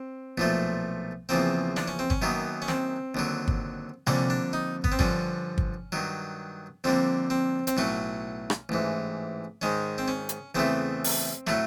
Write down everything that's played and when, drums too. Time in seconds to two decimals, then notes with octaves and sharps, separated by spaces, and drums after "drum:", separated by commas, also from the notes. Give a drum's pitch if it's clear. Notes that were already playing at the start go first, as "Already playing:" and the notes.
Already playing: C4
0.38 B1 A#2 F3 A3
1.29 E2 C#3 F3 A#3 C4
1.76 D4, drum: snare
1.88 C#4
1.99 C4
2.10 C#4, drum: kick
2.22 F#2 D#3 F#3 A#3 B3
2.62 C#4
2.68 C4, drum: snare
3.15 D#2 D3 F#3
3.48 drum: kick
4.07 F2 D3 G3 A#3 C#4, drum: tom C3
4.30 D4
4.53 D#4
4.84 B3, drum: kick
4.92 C4
4.99 G2 D3 F3 C#4, drum: kick
5.58 drum: kick
5.92 G2 D#3 F#3
6.84 F2 D3 G3 A#3 C4
7.30 C4
7.67 C4, drum: hi-hat
7.77 B1 A2 F#3 C#4
8.50 drum: rim click
8.69 A1 G#2 E3
9.62 G#2 D#3 G#3 C#4
9.98 C4
10.08 C#4
10.29 drum: hi-hat
10.55 E2 C#3 E3 A3 C4
11.04 drum: open hi-hat
11.47 A2 F#3 A3, drum: snare